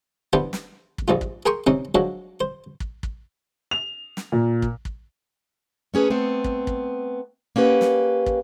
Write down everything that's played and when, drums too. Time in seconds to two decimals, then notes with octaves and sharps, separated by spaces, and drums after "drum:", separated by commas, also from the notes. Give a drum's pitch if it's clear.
0.33 E3 G3 B3 D4 G4 C5
0.53 drum: snare
0.98 drum: kick
1.08 A#1 G#2 G3 F4
1.21 drum: kick
1.46 G#4 A#4 G5 C6 C#6 D#6
1.67 C3 C4 C#4 D#4
1.95 F3 F#3 G#3 D4 F#4
2.41 C5
2.80 drum: kick
3.03 drum: kick
3.71 F7
4.17 drum: snare
4.32 A#2
4.62 drum: kick
4.85 drum: kick
5.94 A3 C#4 G#4 B4 C#5
6.10 A3 B3 C4
6.44 drum: kick
6.67 drum: kick
7.56 A#3 C#4 G4 B4 F#5
7.81 drum: snare
8.26 drum: kick